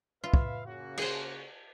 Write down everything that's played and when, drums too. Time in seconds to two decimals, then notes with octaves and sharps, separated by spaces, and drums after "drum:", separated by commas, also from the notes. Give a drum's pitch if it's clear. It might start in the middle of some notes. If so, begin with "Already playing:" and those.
0.24 F4 B4 E5 F5
0.34 drum: kick
0.66 C#3 A#3 F#4
0.98 G#4 C5, drum: cymbal